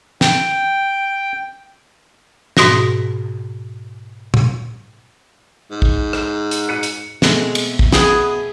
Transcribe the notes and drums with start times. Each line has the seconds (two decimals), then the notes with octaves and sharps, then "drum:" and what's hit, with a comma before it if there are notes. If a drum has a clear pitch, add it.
0.21 G5, drum: snare
2.57 G#2 B2 F#4 A#6, drum: snare
4.34 drum: tom
5.70 G#2
5.82 drum: kick
6.13 drum: rim click
6.51 drum: hi-hat
6.68 F#6 C#7 D#7
6.83 drum: hi-hat
7.22 B2 G#3 A3 C4, drum: snare
7.55 drum: cymbal
7.79 drum: kick
7.92 B3 G#4, drum: snare